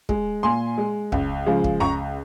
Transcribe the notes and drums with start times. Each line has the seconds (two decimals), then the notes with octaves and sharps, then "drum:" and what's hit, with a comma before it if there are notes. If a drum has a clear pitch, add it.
0.09 G#3, drum: kick
0.43 A#2 G#5 C6
0.78 G#3
1.12 C#2, drum: kick
1.46 C#3 F3 G#3
1.64 drum: kick
1.80 C#2 A#5 C#6